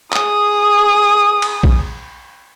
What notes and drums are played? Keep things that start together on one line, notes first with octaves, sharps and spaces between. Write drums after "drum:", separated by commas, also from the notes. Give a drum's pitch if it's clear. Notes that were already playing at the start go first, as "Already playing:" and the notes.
G#4 D#6, drum: clap
drum: cymbal
drum: kick